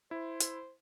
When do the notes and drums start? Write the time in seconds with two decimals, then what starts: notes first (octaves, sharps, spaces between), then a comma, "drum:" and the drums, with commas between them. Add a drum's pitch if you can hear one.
0.11 E4 C5
0.40 drum: hi-hat